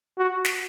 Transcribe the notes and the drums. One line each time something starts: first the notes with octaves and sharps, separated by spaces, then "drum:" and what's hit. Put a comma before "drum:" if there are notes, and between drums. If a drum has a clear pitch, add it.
F#4
drum: snare